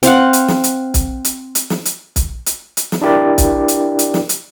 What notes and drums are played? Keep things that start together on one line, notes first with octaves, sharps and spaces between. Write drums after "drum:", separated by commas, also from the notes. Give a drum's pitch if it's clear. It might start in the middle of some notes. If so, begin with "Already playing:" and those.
C4 C5 F5 F#5, drum: hi-hat
drum: hi-hat
drum: snare
drum: hi-hat
drum: kick, hi-hat
drum: hi-hat
drum: hi-hat
drum: snare
drum: hi-hat
drum: kick, hi-hat
drum: hi-hat
drum: hi-hat
drum: snare
D4 E4 G4 A#4 D5
drum: kick, hi-hat
drum: hi-hat
drum: hi-hat
drum: snare
drum: hi-hat